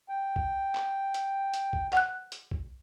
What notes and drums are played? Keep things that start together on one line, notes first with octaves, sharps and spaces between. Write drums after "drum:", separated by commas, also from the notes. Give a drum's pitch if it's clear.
G5
drum: kick B1
drum: clap
drum: hi-hat
drum: hi-hat
drum: kick B1
F#5 F#6, drum: clap
drum: hi-hat
drum: kick B1